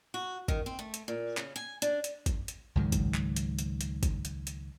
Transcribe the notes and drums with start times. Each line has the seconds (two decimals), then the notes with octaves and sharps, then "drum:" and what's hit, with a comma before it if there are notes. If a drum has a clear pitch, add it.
0.14 F#4
0.48 D#3, drum: kick
0.66 C4
0.79 A3
0.94 drum: hi-hat
1.08 A#2
1.37 C#3, drum: clap
1.56 G#5
1.82 D4, drum: hi-hat
2.04 drum: hi-hat
2.26 drum: kick, hi-hat
2.48 drum: hi-hat
2.75 C#2 G#2 D#3 F#3
2.92 drum: kick, hi-hat
3.14 drum: clap
3.36 drum: hi-hat
3.59 drum: hi-hat
3.81 drum: hi-hat
4.03 drum: kick, hi-hat
4.25 drum: hi-hat
4.47 drum: hi-hat